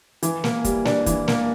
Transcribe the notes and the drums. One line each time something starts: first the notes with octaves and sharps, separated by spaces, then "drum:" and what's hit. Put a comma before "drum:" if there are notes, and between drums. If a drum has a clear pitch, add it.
E3, drum: hi-hat
A#3, drum: snare
G3, drum: kick, hi-hat
D4, drum: snare
E3, drum: kick, hi-hat
A#3, drum: snare